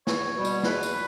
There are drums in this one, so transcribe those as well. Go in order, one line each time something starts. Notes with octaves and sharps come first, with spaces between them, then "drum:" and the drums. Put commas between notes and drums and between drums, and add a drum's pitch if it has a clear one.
E2 C#5, drum: snare
B2 G3
drum: tambourine
E2 B4, drum: snare
drum: tambourine